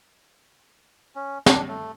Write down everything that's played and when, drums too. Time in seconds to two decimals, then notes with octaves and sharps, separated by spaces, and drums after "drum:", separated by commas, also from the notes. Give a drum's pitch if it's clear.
1.15 C#4
1.46 D4, drum: snare
1.68 A3